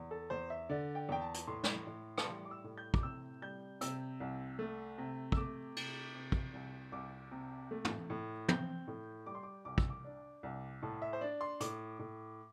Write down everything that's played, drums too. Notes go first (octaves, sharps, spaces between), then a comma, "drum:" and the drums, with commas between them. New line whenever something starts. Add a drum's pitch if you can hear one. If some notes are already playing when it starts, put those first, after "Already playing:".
Already playing: E2
A4
E2 C5
E5
D3 D5
G5
E2 G5
A5
drum: hi-hat
A2 C6
drum: snare
A2
A5, drum: rim click
G3 C6
D6
E6
A2
G6
D6, drum: kick
C3 E6
G3 G6
C3 E6, drum: hi-hat
C2
A3
C3
E6, drum: kick
A3 D6
C3, drum: cymbal
C3
drum: kick
C2
C2 D6
C3
A3
drum: tom
A2
C4 G6, drum: tom
A2
G3 D6
C6
D6
C2 D6
E6, drum: kick
D6
D4
C2
A2 A5
E5
C5
D4 D5
C6
A2 D6, drum: hi-hat
A2